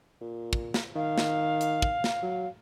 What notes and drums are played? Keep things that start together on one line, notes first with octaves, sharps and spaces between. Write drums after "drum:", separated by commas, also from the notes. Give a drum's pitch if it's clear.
A#2
drum: kick
drum: snare
D#3 F5
drum: snare
drum: hi-hat
drum: kick
drum: snare
F#3